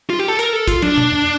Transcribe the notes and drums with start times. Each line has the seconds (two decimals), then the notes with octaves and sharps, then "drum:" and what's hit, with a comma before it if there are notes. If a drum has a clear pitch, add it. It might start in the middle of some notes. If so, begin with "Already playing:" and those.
0.10 F4
0.19 G4
0.28 A4
0.39 A#4, drum: hi-hat
0.53 A4
0.67 F4, drum: kick, hi-hat
0.82 D4, drum: tom
0.97 drum: tom
1.12 drum: tom F2